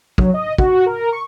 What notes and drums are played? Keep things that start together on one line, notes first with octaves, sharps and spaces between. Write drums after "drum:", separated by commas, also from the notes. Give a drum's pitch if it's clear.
F#3, drum: kick
D#5
F#4, drum: kick
A#4
C#6